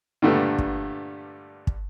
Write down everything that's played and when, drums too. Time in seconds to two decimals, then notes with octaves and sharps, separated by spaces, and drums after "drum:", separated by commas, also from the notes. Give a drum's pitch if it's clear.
0.22 G2 A#2 D3 G3 A3 B3
0.58 drum: kick
1.67 drum: kick